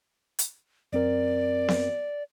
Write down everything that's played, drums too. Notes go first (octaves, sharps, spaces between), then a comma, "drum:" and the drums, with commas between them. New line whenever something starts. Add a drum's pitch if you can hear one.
drum: hi-hat
F#2 C4 A#4 D5
drum: snare B3